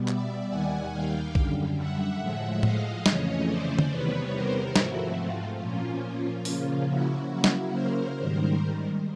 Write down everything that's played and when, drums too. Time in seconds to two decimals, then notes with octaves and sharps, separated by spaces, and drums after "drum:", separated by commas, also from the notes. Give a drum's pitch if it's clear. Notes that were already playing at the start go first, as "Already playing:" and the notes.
Already playing: B2 G3 B3
0.08 D5 E5, drum: clap
0.50 D#2 D#3 G3 F#5 G#5
0.93 F5 G5
1.35 F#2 D3 G3, drum: kick
1.78 E5 F#5
2.21 A2 F3 G#3
2.63 D#5 F5, drum: tom A2
3.06 F2 C#3 E3 A3 C#4 C#5 D#5, drum: snare
3.48 C5 D5
3.79 drum: tom D3
3.90 E2 C3 D#3 G3 B3 B4 C#5
4.33 A#4 C5
4.76 G#2 F3 A3 C4 E4 F#4, drum: snare
5.18 F4
5.60 A#2 F3 A#3 C#4
6.45 C#3 F3 A#3 C#4 F4, drum: open hi-hat
6.88 E4 F#4
7.30 C#3 F#3 A#3 C#4
7.44 drum: snare
7.72 A#4 C5
8.15 G#2 D#3 G3 A#4 C5